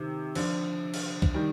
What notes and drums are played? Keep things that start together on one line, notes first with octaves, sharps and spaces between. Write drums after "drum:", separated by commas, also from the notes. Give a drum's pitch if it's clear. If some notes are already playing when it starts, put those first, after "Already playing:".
Already playing: C3 D#3
D3 F3, drum: cymbal
drum: cymbal
drum: kick C#2
D#3 G3